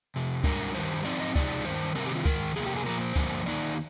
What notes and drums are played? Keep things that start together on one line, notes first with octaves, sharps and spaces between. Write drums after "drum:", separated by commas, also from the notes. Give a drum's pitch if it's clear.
F2 C3, drum: cymbal
G#2 G3 D4 A#4, drum: kick C#2, cymbal
G2 D#3 G3 C5, drum: cymbal
G#2 F3 C4 D#4 D5, drum: cymbal
D#5
C3 F3 G#3 D#4 D5, drum: kick C#2, cymbal
G2 D#3 C5
C3 D#3 G3 C4 D#4 A#4, drum: cymbal
G4
F4
G#2 D#3 A#4, drum: kick C#2, cymbal
F2 C3 A#3 G#4, drum: cymbal
G4
G#4
A#2 F3 A#3 A#4, drum: cymbal
C5
G2 D3 F3 A#3, drum: kick C#2, cymbal
D#3 A#3 D#4 D5, drum: cymbal